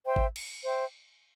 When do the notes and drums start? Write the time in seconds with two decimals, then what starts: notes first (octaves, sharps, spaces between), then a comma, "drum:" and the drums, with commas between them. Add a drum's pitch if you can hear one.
0.05 C5 E5 G5
0.16 drum: kick
0.36 drum: cymbal
0.64 C5 E5 G5